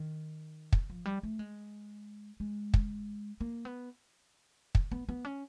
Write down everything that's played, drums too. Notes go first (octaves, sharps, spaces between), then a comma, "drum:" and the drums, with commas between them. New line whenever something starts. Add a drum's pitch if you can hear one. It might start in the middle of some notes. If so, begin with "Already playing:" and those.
Already playing: D#3
drum: kick
F3
G3
A3
G#3
G#3
drum: kick
A#3
B3
drum: kick
B3
B3
C#4